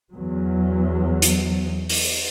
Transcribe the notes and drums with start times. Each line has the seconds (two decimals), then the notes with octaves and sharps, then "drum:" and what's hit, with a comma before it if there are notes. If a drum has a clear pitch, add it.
0.11 E2 F#3
1.22 drum: hi-hat
1.89 drum: open hi-hat